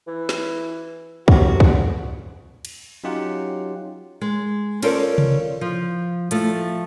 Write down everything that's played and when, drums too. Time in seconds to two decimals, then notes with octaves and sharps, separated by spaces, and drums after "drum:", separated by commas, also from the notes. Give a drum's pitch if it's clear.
0.07 E3
0.29 drum: snare
1.28 C3 F#4, drum: kick
1.60 drum: kick
2.65 drum: cymbal
3.04 F#3 C#4 D#4 F4 G4 F#5
4.21 G#3
4.83 C#4 F4 A4 A#4 C5 D5, drum: cymbal
5.18 drum: tom C3
5.61 F3
6.31 F3 A3, drum: hi-hat